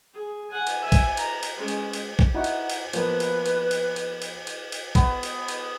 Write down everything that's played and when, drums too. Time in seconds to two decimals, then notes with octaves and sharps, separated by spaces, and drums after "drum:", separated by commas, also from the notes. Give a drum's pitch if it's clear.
0.14 G#4
0.50 F#5 G#5
0.67 drum: cymbal
0.82 E5 G#5
0.92 drum: kick, cymbal
1.17 A#5, drum: cymbal
1.43 drum: cymbal
1.56 G#3 C#4
1.68 drum: cymbal
1.93 drum: cymbal
2.19 drum: kick
2.34 D#4 E4 F#4 F#5
2.44 drum: cymbal
2.70 drum: cymbal
2.93 F3 A#3 B3 B4, drum: cymbal
3.20 drum: cymbal
3.46 drum: cymbal
3.71 drum: cymbal
3.96 drum: cymbal
4.22 drum: cymbal
4.47 drum: cymbal
4.72 drum: cymbal
4.95 B3, drum: kick, cymbal
5.23 drum: cymbal
5.48 drum: cymbal